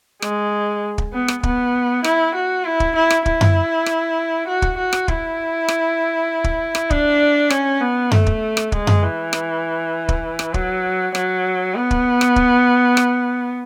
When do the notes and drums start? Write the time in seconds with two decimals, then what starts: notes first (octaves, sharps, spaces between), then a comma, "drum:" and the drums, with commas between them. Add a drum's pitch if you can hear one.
0.22 G#3, drum: rim click
0.98 drum: kick
1.13 B3
1.28 drum: rim click
1.43 B3, drum: kick
2.04 E4, drum: rim click
2.35 F#4
2.65 E4
2.80 drum: kick
2.96 E4
3.10 drum: rim click
3.26 E4, drum: kick
3.41 drum: tom F#2
3.86 drum: rim click
4.47 F#4
4.62 drum: kick
4.77 F#4
4.93 drum: rim click
5.08 E4, drum: kick
5.68 drum: rim click
6.44 drum: kick
6.75 drum: rim click
6.90 D4, drum: kick
7.50 C#4, drum: rim click
7.81 B3
8.11 A3, drum: tom F#2
8.26 drum: kick
8.57 drum: rim click
8.72 G#3, drum: kick
8.87 drum: tom F#2
9.03 E3
9.33 drum: rim click
10.09 drum: kick
10.39 drum: rim click
10.54 F#3, drum: kick
11.15 F#3, drum: rim click
11.76 B3
11.91 drum: kick
12.21 drum: rim click
12.36 drum: kick
12.97 drum: rim click